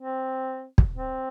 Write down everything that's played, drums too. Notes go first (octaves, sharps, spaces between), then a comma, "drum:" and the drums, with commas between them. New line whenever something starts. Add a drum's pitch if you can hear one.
C4
drum: kick
C4